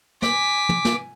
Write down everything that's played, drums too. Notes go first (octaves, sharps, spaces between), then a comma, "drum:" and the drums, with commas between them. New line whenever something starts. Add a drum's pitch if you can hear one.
G#5 D6 B6, drum: snare
drum: tom
drum: snare